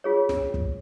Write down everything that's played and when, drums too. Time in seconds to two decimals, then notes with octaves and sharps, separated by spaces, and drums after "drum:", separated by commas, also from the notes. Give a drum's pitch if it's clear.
0.04 F4 G#4 C#5
0.29 drum: snare
0.54 drum: kick